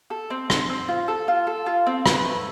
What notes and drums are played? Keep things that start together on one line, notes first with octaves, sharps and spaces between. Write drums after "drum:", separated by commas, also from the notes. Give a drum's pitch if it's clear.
A4
C4
C4, drum: rim click
C4
F4
A4
F4
A4
F4
C4
B4, drum: rim click
A3